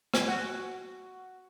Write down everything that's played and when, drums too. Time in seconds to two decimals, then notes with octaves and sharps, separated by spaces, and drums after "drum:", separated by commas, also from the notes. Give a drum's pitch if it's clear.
0.14 G#5, drum: rim click
0.28 F#4